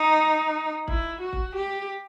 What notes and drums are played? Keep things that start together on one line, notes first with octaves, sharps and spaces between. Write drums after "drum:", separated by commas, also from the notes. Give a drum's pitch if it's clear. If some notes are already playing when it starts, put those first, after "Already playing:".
Already playing: D#4
E4, drum: kick
F#4
drum: kick
G4